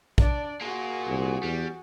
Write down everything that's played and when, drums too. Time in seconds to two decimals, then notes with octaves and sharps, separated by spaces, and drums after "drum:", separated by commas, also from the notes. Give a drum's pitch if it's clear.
0.18 D4 D5, drum: kick
0.61 A#3 F4 F#4 G#4
1.08 C2
1.43 E2 G3